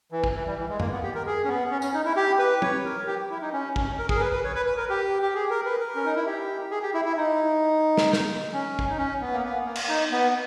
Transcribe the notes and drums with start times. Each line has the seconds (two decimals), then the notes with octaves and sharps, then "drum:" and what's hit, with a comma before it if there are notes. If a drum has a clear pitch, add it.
0.12 E3
0.24 drum: kick
0.35 E3
0.46 G3
0.58 E3
0.69 G#3
0.80 A#3, drum: tom F#2
0.92 B3
1.03 G4
1.15 A#4
1.26 G#4
1.44 C#4
1.48 B3
1.70 C#4
1.82 C#4, drum: tambourine
1.94 D#4
2.05 E4
2.16 G4
2.39 B4
2.62 C#5, drum: tom
2.85 A#4
3.07 G4
3.30 E4
3.42 D#4
3.53 C#4
3.76 C#4, drum: kick
3.98 A#4
4.09 G#4, drum: kick
4.17 A#4
4.20 B4
4.32 B4
4.44 C#5
4.55 B4
4.66 B4
4.77 A#4
4.90 G4
5.22 G4
5.35 G#4
5.50 A#4
5.65 B4
5.80 A#4
5.95 C#4
6.05 D#4
6.16 E4
6.26 G4
6.71 G#4
6.83 G4
6.93 E4
7.05 E4
7.17 D#4
7.97 drum: snare
8.13 drum: snare
8.53 C#4
8.79 drum: kick
8.89 D#4
8.98 C#4
9.21 B3
9.33 A#3
9.43 B3
9.66 A#3
9.76 drum: cymbal
9.89 D#4
10.12 B3